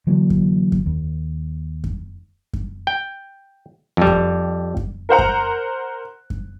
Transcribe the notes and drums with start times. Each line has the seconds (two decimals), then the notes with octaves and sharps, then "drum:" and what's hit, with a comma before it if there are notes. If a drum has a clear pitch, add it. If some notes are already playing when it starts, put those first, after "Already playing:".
0.07 D3 E3 F#3 A#3
0.30 drum: kick F#2
0.72 drum: kick F#2
0.86 D#2
1.84 drum: kick F#2
2.53 drum: kick F#2
2.87 G5
3.97 F2 G3
4.07 drum: kick F#2
4.77 drum: kick F#2
5.09 A#4 C5 F#5 A#5
5.19 drum: kick F#2
6.30 drum: kick F#2